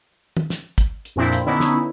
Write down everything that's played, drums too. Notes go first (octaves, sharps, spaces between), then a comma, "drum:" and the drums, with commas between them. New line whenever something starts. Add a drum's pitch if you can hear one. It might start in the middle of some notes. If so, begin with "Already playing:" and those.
drum: tom
drum: snare
drum: kick, hi-hat
drum: hi-hat
F2 A#2 C4 D4 E4
drum: hi-hat
D3 B3 C#4 D#4 E4
drum: snare